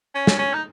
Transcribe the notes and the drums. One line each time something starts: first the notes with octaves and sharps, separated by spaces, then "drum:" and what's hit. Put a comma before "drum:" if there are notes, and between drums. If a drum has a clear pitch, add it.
C#4
drum: snare
C#4
D#4